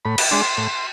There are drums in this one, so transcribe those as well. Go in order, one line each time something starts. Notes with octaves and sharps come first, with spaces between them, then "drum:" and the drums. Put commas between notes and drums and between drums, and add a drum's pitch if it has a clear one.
A2 B5
drum: cymbal
G#3 D4 C6
A2